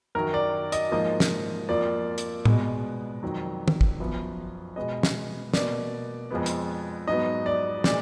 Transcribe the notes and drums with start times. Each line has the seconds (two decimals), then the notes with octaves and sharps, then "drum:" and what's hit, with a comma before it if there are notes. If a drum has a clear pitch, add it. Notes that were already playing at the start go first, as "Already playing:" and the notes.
0.15 F#2 D#3 F#3 A#4
0.34 D5
0.72 D#5, drum: hi-hat
0.92 G#2 F3 A#3 D#5
1.20 drum: snare
1.69 F2 F3 A#3 D5
2.18 drum: hi-hat
2.45 B2 G#3 B3, drum: tom A2
3.23 F2 D#3 F#3
3.68 drum: tom
3.81 drum: kick
4.00 F#2 F3 B3
4.76 B2 G#3 B3 D#5
5.03 drum: snare
5.54 B2 A#3 D5, drum: snare
6.31 F2 F3 G#3 B3
6.46 drum: hi-hat
7.07 G#2 F#3 B3 D#5
7.46 D5
7.84 A#2 G#3 D5, drum: snare